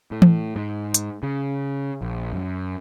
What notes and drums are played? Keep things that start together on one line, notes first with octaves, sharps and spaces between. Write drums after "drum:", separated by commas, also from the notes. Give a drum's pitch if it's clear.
A2
drum: tom E3
G#2
drum: hi-hat
C#3
A#1
F#2